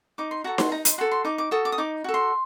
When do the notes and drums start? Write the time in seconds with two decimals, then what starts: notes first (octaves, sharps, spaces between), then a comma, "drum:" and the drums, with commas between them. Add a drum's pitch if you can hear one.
0.18 D#4 D6
0.31 C6
0.44 F#4 A4 A#5
0.58 C6, drum: snare D#4
0.72 D#4 A#5
0.85 C6, drum: hi-hat
0.98 F#4 A4 C6
1.11 C6
1.25 D#4 D6
1.38 D6
1.51 F#4 A4 D#6
1.65 D6
1.72 D#6
1.78 D#4 D6
2.04 F#4 A4
2.14 C6